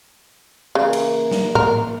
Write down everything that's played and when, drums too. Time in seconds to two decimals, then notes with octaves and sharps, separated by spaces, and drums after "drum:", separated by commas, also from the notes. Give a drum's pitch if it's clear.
0.75 C#3 E3 A#3
0.93 drum: cymbal
1.31 drum: snare
1.55 A#4, drum: tom A2